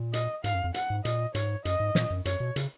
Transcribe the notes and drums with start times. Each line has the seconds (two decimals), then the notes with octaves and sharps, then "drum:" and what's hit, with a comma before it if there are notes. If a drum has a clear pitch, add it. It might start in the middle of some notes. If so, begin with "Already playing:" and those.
Already playing: A#2
0.13 D#5, drum: hi-hat
0.44 G#2 F5, drum: hi-hat
0.54 F#2
0.64 F2
0.74 F#5, drum: hi-hat
0.90 G#2
1.05 A#2 D#5, drum: hi-hat
1.35 G#2 C#5, drum: hi-hat
1.65 F#2 D#5, drum: hi-hat
1.80 G#2
1.95 A#2, drum: snare
2.10 F#2
2.25 F#2 C#5, drum: hi-hat
2.40 B2
2.56 C#3, drum: hi-hat